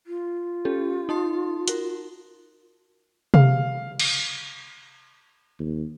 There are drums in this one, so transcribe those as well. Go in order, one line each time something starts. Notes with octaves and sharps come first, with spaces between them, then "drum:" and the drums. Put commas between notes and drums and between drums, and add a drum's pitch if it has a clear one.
F4
C#4 G4 A4
D#4 A5 C6
F#4 A#4, drum: hi-hat
F5, drum: tom C3
drum: cymbal
D#2